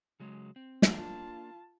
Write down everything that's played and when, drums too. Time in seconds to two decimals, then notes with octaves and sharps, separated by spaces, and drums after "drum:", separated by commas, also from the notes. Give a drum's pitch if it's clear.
0.20 C#3 F#3 G#3
0.56 C4
0.82 drum: snare
0.93 A#3 D4 F4 A5